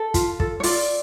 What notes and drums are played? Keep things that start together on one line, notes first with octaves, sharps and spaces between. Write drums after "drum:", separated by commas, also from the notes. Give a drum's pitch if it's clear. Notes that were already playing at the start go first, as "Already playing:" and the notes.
Already playing: A4
F4, drum: kick, hi-hat
A4, drum: kick
C#5
F4 D5, drum: open hi-hat